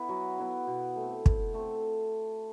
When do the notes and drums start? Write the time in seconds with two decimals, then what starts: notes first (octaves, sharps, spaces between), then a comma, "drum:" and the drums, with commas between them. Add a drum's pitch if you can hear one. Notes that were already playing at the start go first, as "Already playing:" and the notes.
Already playing: B3 E4 B4
0.09 F#3
0.38 B3 E4 B4
0.67 B2
0.96 A3
1.01 C4
1.26 B2, drum: kick
1.54 A3 C4